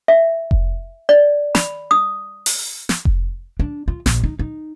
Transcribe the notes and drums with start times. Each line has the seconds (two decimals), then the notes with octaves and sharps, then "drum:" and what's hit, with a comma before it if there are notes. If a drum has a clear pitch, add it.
0.08 E5
0.51 drum: kick F1
1.09 D5
1.55 B5, drum: snare
1.91 D#6
2.46 drum: open hi-hat
2.89 drum: snare
3.05 drum: kick F1
3.60 D4
3.88 F4
4.06 A#1, drum: snare
4.24 D#4
4.39 D#4